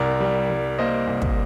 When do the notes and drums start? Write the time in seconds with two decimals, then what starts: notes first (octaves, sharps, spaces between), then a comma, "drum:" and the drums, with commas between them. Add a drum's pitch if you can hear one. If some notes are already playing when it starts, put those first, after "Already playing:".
Already playing: C2 A#4 D5
0.20 G3
0.50 G3
0.78 A#3 C5 D#5
1.07 C2
1.22 drum: kick